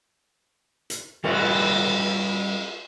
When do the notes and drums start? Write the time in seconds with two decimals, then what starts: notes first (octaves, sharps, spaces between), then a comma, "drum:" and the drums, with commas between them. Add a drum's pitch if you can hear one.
0.90 drum: hi-hat
1.24 G3 C#4 F4 F#4 A4 B4, drum: cymbal